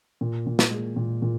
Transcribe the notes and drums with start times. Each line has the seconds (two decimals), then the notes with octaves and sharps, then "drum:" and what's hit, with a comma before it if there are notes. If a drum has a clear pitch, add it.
0.21 A#2
0.47 A#2
0.59 drum: snare
0.71 G#3
0.96 A#2
1.22 A#2